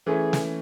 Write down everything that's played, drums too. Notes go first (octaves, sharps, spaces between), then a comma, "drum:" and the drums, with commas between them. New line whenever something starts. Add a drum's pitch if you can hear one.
E3 A3 C#4 G#4
drum: snare